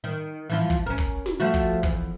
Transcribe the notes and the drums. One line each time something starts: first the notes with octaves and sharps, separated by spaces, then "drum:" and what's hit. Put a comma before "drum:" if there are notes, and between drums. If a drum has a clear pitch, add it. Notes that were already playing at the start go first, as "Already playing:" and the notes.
D#3
E3 F3 F4
drum: kick
C#4 A#4
drum: kick
drum: snare
F3 A3 F#4
drum: kick
E2, drum: kick